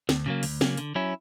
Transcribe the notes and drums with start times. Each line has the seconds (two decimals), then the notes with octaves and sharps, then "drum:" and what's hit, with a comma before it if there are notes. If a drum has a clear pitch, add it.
0.09 D2, drum: snare
0.26 C#3 F#3 A#3
0.43 D2, drum: open hi-hat
0.61 C#3 F#3 A#3, drum: snare
0.77 D3, drum: hi-hat
0.95 F#3 C#4 E4